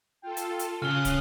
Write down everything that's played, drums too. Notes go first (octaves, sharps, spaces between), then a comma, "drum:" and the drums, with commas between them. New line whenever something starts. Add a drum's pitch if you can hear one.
F4 A4 G5
drum: hi-hat
drum: hi-hat
C#3 C#4 F5 D#6 F6 F#6 G7
drum: kick, hi-hat